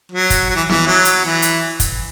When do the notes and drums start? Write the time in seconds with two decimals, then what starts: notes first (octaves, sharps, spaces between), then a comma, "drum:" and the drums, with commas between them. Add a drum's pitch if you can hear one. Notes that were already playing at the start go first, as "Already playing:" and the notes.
0.12 F#3
0.30 drum: kick, hi-hat
0.49 F#3
0.55 E3
0.69 E3, drum: snare
0.86 F#3
1.05 drum: hi-hat
1.24 E3
1.42 drum: hi-hat
1.80 drum: kick, hi-hat